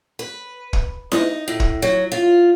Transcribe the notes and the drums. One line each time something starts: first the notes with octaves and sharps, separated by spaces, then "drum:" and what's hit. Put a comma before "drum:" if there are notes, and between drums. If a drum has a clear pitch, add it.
B4
drum: kick
D#4, drum: snare E4
A2
drum: kick
F#3
F4